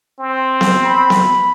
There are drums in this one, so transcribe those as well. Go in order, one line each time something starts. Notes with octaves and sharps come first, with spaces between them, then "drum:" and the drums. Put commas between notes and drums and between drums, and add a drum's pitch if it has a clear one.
C4
drum: snare B3
B5
drum: snare B3